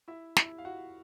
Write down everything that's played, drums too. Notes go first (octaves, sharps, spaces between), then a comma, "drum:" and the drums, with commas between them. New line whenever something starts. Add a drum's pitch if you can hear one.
E4 E5
E4 E5, drum: snare
F5
F#4 F#5